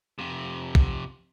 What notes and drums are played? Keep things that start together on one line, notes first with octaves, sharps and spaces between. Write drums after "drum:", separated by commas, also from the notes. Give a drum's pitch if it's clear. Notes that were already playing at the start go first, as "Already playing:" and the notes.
F2 C3
drum: kick